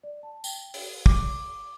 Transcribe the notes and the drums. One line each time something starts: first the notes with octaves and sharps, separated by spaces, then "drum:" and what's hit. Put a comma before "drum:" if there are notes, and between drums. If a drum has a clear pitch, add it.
D5
A5
G5, drum: tambourine
drum: open hi-hat
D6, drum: kick